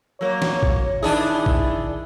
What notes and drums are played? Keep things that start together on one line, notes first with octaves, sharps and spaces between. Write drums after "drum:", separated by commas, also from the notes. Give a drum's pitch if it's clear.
F#3 A#3 C#5
drum: snare
drum: kick
D#3 D4 E4 G#4
drum: kick